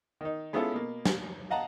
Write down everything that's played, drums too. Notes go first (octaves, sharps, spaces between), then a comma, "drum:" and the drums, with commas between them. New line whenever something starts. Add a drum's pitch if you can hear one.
D#3 D#4
G#3 B3 C#4 E4 F4 A4
B2 A#3
drum: snare
D#5 F5 F#5 A5 A#5